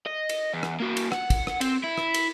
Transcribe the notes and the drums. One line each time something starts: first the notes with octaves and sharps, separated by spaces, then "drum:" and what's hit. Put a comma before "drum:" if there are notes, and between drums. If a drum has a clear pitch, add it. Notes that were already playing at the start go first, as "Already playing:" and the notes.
D#5
drum: cymbal
E2
drum: rim click
A#3 F#4
drum: cymbal
F#5, drum: rim click
drum: kick, cymbal
drum: rim click
C4, drum: cymbal
E4
drum: rim click
drum: cymbal